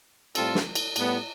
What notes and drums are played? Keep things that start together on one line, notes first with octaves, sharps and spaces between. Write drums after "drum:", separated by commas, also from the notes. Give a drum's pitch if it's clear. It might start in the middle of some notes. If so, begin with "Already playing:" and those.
A2 G3 C4 F4 A4, drum: cymbal
drum: snare
drum: cymbal
A2 G3 B3, drum: cymbal